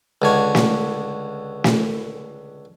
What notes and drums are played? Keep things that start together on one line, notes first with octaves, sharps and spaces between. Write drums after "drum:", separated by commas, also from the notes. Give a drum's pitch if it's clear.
C#2 D3 C#5
drum: snare
drum: snare